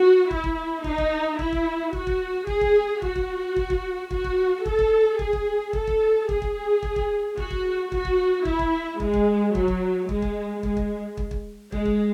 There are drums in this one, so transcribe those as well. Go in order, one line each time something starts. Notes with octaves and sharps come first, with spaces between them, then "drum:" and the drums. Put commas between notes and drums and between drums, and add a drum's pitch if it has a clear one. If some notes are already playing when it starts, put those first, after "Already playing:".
Already playing: F#4
E4, drum: kick
drum: kick
D#4, drum: kick
drum: kick
E4, drum: kick
drum: kick
F#4, drum: kick
drum: kick
G#4, drum: kick
drum: kick
F#4, drum: kick
drum: kick
drum: kick
drum: kick
F#4, drum: kick
drum: kick
A4, drum: kick
drum: kick
G#4, drum: kick
drum: kick
A4, drum: kick
drum: kick
G#4, drum: kick
drum: kick
drum: kick
drum: kick
F#4, drum: kick
drum: kick
F#4, drum: kick
drum: kick
E4, drum: kick
drum: kick
G#3, drum: kick
drum: kick
F#3, drum: kick
drum: kick
G#3, drum: kick
drum: kick
G#3, drum: kick
drum: kick
drum: kick
drum: kick
G#3, drum: kick
drum: kick